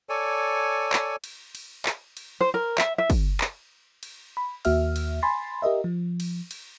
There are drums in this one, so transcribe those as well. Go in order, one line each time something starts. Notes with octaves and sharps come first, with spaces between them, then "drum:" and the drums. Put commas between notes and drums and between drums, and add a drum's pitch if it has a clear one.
A4 C#5 D5 G#5
drum: clap
drum: cymbal
drum: cymbal
drum: clap
drum: cymbal
C5
A#4
E5, drum: clap
E5
drum: kick, cymbal
drum: clap
drum: cymbal
B5
D#2 A#3 F#4 E5 F6, drum: cymbal
drum: cymbal
G#5 B5 C6 A6
G4 A#4 D#5 E5
F3
drum: cymbal
drum: cymbal